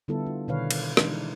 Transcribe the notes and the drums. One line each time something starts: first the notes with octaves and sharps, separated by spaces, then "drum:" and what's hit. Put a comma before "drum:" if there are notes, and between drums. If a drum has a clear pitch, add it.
D3 G3 B3 E4 F4 A4
F4
B2 D3 D#3 B4 C#5 F5
drum: cymbal
E3 G#3 D4 D#4, drum: rim click